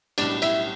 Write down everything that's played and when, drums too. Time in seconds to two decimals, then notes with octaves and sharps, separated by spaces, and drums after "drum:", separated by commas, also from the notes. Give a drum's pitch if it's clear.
0.18 B1 A2 G3 D4 D5, drum: cymbal
0.42 E4 E5, drum: cymbal